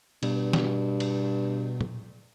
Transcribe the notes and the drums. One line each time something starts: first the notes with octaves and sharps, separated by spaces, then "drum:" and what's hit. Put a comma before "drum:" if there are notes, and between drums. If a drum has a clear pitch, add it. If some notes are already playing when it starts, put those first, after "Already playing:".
G2 B2, drum: cymbal
drum: snare
drum: cymbal
drum: tom A#2